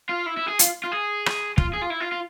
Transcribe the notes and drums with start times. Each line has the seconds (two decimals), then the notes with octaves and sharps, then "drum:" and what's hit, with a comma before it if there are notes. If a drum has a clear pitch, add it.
0.09 F4
0.26 E4
0.37 E4
0.48 G#4
0.59 F4, drum: hi-hat
0.84 F4
0.92 G#4
1.26 drum: rim click
1.58 F4, drum: kick
1.74 G#4
1.82 F4
1.90 E4
2.01 F4
2.12 F4